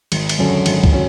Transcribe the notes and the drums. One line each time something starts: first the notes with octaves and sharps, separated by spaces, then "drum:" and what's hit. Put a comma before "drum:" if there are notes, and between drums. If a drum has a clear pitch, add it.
G#1, drum: cymbal
drum: cymbal
F#2 D3 F#3 C#4
G#1, drum: cymbal
drum: kick C#2
F#3 C#4